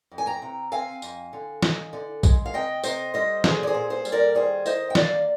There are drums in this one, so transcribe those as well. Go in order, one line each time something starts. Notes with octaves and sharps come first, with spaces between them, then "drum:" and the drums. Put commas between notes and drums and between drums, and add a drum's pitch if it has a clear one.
F2
G#5
G5 A#5
C3
C4 F5 G#5
F2, drum: tambourine
D3
D#4, drum: snare
D3
G#3, drum: kick, tambourine
F5
C3 D#5 G5
C3 C5 D#5, drum: tambourine
G3 C5 D#5
A#2 G#4 C5, drum: snare
D5
G#4 C5
A#2
G#4 C5
G3, drum: tambourine
A#4 D5
D#3 G#4 C5
D#3 C5 D#5, drum: tambourine
G5
A#3 D5 F5, drum: snare